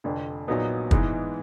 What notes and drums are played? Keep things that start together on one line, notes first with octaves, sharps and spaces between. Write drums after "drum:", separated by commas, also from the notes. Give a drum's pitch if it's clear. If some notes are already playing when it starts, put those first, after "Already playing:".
F1 F2 D3
A#1 A#2 F#3 B3 D#4
G#2 E3 G#3 B3 D#4, drum: kick